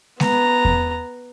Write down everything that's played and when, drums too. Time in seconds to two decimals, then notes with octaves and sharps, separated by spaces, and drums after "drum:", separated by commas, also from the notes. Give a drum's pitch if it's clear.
0.20 B3 A#5, drum: snare G#3
0.65 drum: kick E2